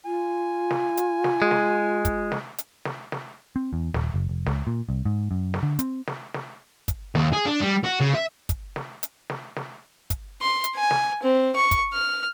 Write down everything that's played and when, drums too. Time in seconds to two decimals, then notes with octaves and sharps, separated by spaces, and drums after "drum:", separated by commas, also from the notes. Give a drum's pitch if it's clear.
0.05 F4 G#5
0.71 drum: snare
0.97 drum: hi-hat
1.24 drum: snare
1.42 G#3
1.51 drum: snare
2.05 drum: kick, hi-hat
2.32 drum: snare
2.58 drum: hi-hat
2.85 drum: snare
3.12 drum: snare
3.56 C4
3.73 E2
3.94 D#1, drum: snare
4.14 F#1
4.29 F1
4.46 C#2, drum: snare
4.67 A#2
4.89 C2
5.05 G#2
5.31 F#2
5.54 drum: snare
5.63 D3
5.79 C4, drum: hi-hat
6.07 drum: snare
6.34 drum: snare
6.88 drum: kick, hi-hat
7.15 D#2, drum: snare
7.33 G#4
7.46 D4
7.61 G3
7.84 F#4
8.00 C#3
8.14 E5
8.49 drum: kick, hi-hat
8.76 drum: snare
9.03 drum: hi-hat
9.30 drum: snare
9.56 drum: snare
10.10 drum: kick, hi-hat
10.41 C6
10.64 drum: hi-hat
10.75 G#5
10.91 drum: snare
11.23 C4
11.56 C#6
11.71 drum: kick, hi-hat
11.93 F6